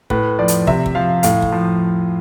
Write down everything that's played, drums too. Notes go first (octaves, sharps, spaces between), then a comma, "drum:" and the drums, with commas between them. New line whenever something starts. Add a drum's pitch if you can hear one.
A2 B4, drum: kick
F3 D5
drum: hi-hat
C3 E5, drum: kick
drum: kick
F3 F5
A2 F5, drum: hi-hat
drum: kick
F3